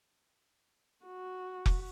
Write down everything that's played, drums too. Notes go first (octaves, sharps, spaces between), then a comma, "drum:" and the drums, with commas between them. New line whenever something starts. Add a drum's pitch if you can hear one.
F#4
drum: kick F1